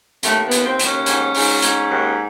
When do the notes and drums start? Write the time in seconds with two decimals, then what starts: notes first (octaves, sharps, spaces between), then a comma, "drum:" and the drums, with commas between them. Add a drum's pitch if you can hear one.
0.23 D#2 A3, drum: hi-hat
0.45 B3
0.51 D#2, drum: hi-hat
0.65 C4
0.79 D#2, drum: hi-hat
0.85 C#4
1.06 G#2, drum: hi-hat
1.34 G#2, drum: open hi-hat
1.62 G#2, drum: hi-hat
1.90 D#2